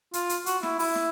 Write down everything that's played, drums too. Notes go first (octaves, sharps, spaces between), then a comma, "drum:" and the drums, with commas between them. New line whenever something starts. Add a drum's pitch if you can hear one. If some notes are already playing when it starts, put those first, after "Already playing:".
F4, drum: hi-hat
drum: hi-hat
F#4, drum: hi-hat
E4, drum: snare
E4, drum: open hi-hat
drum: snare